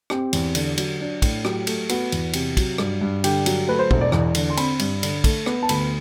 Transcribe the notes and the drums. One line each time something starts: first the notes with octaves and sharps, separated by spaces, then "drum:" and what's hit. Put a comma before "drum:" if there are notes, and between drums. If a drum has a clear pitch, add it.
C4 G4, drum: rim click
E2, drum: cymbal
D3, drum: cymbal
F#3, drum: cymbal
D4
A2, drum: kick, cymbal
F#3 G4, drum: rim click
A3, drum: cymbal
B3 F#4, drum: cymbal
E2, drum: cymbal
C3, drum: cymbal
F#3, drum: kick, cymbal
G2, drum: rim click
G2
D3 G4, drum: cymbal
F#3, drum: cymbal
A3 B4
C5
E1 C5, drum: kick
D5
E2 D5, drum: rim click
D3, drum: cymbal
C6
C4 B5, drum: cymbal
G2, drum: cymbal
D3, drum: cymbal
A3, drum: kick, cymbal
B3, drum: rim click
A5
D2 B5, drum: cymbal